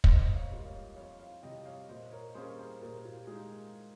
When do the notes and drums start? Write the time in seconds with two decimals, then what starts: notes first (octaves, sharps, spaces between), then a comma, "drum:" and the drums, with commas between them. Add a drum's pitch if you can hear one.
0.04 G#2 C5 D#5, drum: kick
0.35 C#5 F5
0.51 G3 A#3 F4
0.66 C#5 F5
0.96 F2 C#5 F5
1.19 C#5 F5
1.43 C3 G3 D#5 G5
1.65 C#5 F5
1.89 A#2 C5 D#5
2.12 A#4 C#5
2.35 G3 A#3 C#4 G#4 C5
2.58 G#4 C5
2.81 A#2 G4 A#4
3.05 F4
3.17 G4
3.27 G#3 D#4 F4 G#4